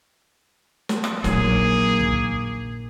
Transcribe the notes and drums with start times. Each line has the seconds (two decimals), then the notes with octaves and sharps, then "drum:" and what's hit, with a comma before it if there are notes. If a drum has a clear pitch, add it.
0.89 drum: snare
1.04 drum: rim click
1.24 A#1 F#3 A#3 D#4 G#4, drum: snare
2.01 drum: kick